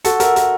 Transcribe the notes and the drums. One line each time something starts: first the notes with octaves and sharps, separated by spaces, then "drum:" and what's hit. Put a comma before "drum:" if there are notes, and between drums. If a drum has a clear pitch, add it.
F#4 A4, drum: hi-hat
A#4 E5, drum: hi-hat
A#4 E5, drum: hi-hat